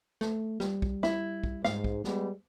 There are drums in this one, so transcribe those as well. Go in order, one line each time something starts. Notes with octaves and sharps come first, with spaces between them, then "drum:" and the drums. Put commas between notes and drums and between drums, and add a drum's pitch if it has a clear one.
A3, drum: snare
G3, drum: snare
drum: kick
E4, drum: snare
drum: kick
G#2 F5, drum: snare
drum: kick
G3 G#3 B3, drum: snare